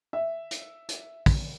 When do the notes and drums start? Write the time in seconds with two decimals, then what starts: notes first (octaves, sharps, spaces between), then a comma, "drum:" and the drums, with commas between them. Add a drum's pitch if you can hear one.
0.13 E5
0.51 drum: hi-hat
0.89 drum: hi-hat
1.26 drum: kick, open hi-hat